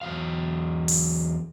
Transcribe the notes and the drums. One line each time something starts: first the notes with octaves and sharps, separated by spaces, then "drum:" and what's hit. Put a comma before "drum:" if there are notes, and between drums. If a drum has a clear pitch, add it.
E2 E3 F#3 F5
drum: open hi-hat